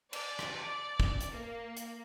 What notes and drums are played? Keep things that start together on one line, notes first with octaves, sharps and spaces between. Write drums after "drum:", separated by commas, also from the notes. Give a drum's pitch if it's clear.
D5, drum: cymbal
drum: rim click
drum: kick
drum: hi-hat
A#3
drum: hi-hat